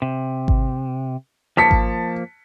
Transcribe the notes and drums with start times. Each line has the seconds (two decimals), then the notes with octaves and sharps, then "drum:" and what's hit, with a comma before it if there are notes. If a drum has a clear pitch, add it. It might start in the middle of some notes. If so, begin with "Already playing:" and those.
0.02 C3
0.48 drum: kick G#1
1.57 F3 A#3 A5 B6 C#7
1.71 drum: kick G#1